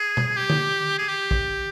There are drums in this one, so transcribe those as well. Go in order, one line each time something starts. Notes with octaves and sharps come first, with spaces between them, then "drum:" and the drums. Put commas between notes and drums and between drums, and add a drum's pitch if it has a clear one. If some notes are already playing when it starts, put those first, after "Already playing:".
Already playing: G#4
drum: tom B2
G4
drum: tom D3
G#4
G4
drum: kick